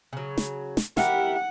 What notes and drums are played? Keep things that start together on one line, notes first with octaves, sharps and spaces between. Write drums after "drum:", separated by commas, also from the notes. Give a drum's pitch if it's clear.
C#3 F#3
drum: snare
drum: snare
E4 G4 A#4 F#5, drum: snare